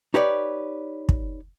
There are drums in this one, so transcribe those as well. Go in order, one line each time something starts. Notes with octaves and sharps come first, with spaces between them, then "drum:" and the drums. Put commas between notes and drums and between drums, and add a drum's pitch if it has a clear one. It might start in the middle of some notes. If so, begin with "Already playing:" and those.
D#4 G4 B4 C#5 D5
drum: kick